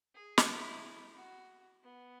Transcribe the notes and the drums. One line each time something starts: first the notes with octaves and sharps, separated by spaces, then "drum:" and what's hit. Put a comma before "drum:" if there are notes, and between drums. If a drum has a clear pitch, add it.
G#4
drum: snare
E4
F#4
B3